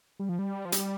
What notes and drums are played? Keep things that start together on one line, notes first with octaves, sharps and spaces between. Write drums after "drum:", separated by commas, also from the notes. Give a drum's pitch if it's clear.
G3
F3
G3
F3
G3, drum: hi-hat